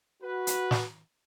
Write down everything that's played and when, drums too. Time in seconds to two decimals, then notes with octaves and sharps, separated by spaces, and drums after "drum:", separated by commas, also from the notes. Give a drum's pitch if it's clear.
0.23 F#4 B4
0.47 drum: hi-hat
0.71 drum: snare